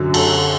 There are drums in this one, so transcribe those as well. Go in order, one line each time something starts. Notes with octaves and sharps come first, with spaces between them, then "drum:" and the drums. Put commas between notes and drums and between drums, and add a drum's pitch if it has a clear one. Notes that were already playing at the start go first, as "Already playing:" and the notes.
Already playing: F#2 D3 F#3
A4, drum: cymbal